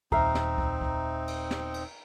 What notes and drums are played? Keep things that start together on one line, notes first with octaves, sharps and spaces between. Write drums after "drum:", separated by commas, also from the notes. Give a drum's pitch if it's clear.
D#1 C4 D#4 E5 F5 A#5, drum: kick C2
drum: snare
drum: kick C2
drum: kick C2
drum: cymbal
drum: snare
drum: cymbal